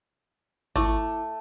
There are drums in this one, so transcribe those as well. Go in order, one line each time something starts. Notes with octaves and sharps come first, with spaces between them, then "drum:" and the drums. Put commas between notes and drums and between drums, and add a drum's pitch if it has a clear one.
A3 E4 D6, drum: kick G#1